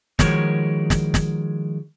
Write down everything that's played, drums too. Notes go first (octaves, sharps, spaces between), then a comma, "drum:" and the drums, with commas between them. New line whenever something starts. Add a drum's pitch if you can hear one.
D#3 F3 G#3 F#4 A#4 C#5, drum: snare
drum: snare
drum: snare